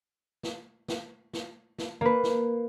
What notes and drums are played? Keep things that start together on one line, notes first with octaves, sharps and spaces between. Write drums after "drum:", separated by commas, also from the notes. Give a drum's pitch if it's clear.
drum: snare
drum: snare
drum: snare
drum: snare
A#3 B4
drum: snare